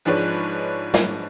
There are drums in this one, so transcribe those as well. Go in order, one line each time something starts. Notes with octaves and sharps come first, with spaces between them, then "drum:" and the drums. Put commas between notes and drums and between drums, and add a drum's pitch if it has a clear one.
G#2 F3 G#3 D4 B4 C#5
drum: snare